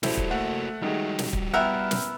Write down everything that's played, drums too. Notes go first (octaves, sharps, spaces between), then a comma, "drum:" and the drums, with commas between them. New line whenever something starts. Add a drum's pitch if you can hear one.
G3 E4 F#4 A4 C5, drum: snare
drum: kick
A3 A#3 F#4 E5 F#5
D#3 G3 G#3 F#4
drum: snare
drum: kick
B3 E4 A#4 F#5 G5 E6 F6
drum: snare